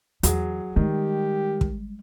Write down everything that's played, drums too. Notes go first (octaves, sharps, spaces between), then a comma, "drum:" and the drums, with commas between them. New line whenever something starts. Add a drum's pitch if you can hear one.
E2 F#3 G#4, drum: hi-hat
D#3 G3 G#3 G4
drum: kick